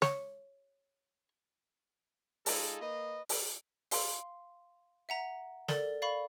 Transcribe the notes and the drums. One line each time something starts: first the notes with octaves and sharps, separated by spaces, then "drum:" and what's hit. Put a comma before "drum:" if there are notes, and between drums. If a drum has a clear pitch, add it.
C#5, drum: snare
G#3 D#4 F4 G#4 A4, drum: open hi-hat
A#3 B4 D#5
drum: open hi-hat
F5 C6, drum: open hi-hat
E5 F#5 A#5
A4 A#4 D5 A6, drum: snare
D5 F5 B5 C#6